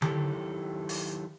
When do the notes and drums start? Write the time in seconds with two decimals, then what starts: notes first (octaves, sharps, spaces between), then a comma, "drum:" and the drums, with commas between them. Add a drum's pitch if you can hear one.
0.02 D#3 F#3 E4 G4 A4, drum: tom D3
0.89 drum: open hi-hat